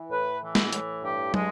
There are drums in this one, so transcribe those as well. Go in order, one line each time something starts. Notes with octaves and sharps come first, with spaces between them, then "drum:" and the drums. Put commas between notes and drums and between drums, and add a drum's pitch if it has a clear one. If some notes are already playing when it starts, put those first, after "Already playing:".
Already playing: E3
A2 B4
E3
drum: snare
A2, drum: hi-hat
G2 G4
G#3, drum: tom